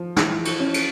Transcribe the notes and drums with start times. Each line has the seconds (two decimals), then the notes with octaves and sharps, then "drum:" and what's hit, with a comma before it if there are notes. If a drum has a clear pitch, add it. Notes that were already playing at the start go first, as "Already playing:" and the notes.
Already playing: F3
0.16 E3, drum: snare
0.45 drum: cymbal
0.60 C#4
0.74 drum: cymbal